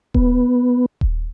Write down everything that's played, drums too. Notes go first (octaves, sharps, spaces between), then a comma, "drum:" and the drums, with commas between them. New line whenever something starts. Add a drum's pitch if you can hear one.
B3, drum: kick D#1
drum: kick D#1